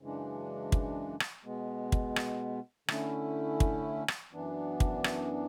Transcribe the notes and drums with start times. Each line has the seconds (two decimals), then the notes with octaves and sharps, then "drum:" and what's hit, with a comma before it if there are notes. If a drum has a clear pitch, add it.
0.01 F#2 C#3 E3 G#3 D4
0.72 drum: kick
1.20 drum: rim click
1.44 B2 G#3 B3
1.92 drum: kick
2.16 drum: rim click
2.88 D3 A3 C#4 E4, drum: rim click
3.60 drum: kick
4.08 drum: rim click
4.33 F#2 E3 B3 D4
4.80 drum: kick
5.04 drum: rim click